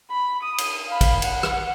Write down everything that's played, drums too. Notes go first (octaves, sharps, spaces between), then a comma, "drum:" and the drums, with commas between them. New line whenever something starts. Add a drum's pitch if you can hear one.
B5
D#6
drum: cymbal
F5 B5
drum: kick A1, cymbal
F#5, drum: cymbal
drum: rim click